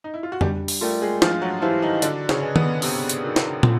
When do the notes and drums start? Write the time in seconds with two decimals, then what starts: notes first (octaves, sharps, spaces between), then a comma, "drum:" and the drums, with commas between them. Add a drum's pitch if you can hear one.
0.04 D#4
0.14 E4
0.23 F4
0.32 F#4
0.41 G3 D4 G4, drum: tom
0.68 drum: open hi-hat
0.81 A3 F4 A4 A#4 D5 G5
1.02 G#3 G#4
1.22 F3 D4 F4, drum: snare
1.42 F#3 F#4
1.62 E3 E4 G4 C5 F5 A5
1.82 D#3 D#4
2.02 D3 D4 F#4, drum: hi-hat
2.29 C#3 C#4, drum: snare
2.42 B4 D#5 G#5
2.56 B3, drum: tom D#3
2.82 C3 B3 C4, drum: open hi-hat
3.09 drum: hi-hat
3.23 D#4 F#4 A#4
3.36 drum: snare
3.63 F4, drum: tom